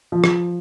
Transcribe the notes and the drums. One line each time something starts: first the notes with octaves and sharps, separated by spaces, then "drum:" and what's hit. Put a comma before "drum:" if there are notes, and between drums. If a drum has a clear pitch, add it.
F3
drum: rim click